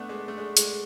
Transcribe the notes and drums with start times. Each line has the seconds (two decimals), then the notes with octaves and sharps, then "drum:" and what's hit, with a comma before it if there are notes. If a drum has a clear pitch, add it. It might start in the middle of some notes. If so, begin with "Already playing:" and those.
Already playing: A3 B3 D4
0.09 G#3
0.28 A3
0.38 G#3
0.57 G#3, drum: hi-hat